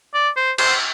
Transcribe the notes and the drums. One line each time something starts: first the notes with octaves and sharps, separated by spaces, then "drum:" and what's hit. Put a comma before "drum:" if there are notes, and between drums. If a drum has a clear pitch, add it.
D5
C5
C5, drum: cymbal